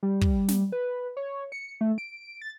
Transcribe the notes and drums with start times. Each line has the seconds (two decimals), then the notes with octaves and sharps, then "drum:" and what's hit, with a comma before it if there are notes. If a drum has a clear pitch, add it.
0.03 G3
0.21 drum: kick
0.48 drum: snare
0.72 B4
1.17 C#5
1.52 C#7
1.81 A3
1.98 D7
2.41 A6